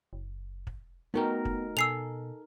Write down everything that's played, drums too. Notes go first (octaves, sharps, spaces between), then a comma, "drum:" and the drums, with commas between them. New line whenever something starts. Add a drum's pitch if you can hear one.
F#1
drum: kick
A3 B3 D#4 F#4 A#4 G5
drum: kick
B2 A4 G#5 E6 C7 F7